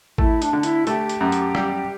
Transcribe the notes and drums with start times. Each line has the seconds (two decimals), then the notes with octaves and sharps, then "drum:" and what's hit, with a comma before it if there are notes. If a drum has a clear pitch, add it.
0.18 A3 E4, drum: kick G#1
0.42 D4, drum: hi-hat
0.53 D3
0.63 E4, drum: hi-hat
0.87 A3 G4, drum: hi-hat
1.09 drum: hi-hat
1.21 F#2
1.32 drum: hi-hat
1.55 G3, drum: rim click